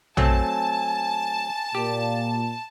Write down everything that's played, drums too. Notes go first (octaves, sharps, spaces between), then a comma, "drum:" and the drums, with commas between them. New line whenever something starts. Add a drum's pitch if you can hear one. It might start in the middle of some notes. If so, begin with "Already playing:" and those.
F#3 A3 C4 G#5 A5, drum: tom
A#2 G4